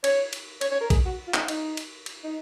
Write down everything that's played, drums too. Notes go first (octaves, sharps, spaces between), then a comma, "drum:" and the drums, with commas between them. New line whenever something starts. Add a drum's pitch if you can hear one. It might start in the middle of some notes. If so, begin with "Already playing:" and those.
C#5, drum: cymbal
drum: cymbal
C#5, drum: cymbal
C#5
A#4
G#4, drum: kick A#1, cymbal
F#4
F4
D#4, drum: clap
D#4, drum: cymbal
drum: cymbal
drum: cymbal
D#4